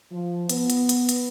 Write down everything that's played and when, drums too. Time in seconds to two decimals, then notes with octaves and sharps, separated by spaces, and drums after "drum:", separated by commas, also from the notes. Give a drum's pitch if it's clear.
0.12 F3
0.49 B3, drum: hi-hat
0.70 drum: hi-hat
0.89 drum: hi-hat
1.09 drum: hi-hat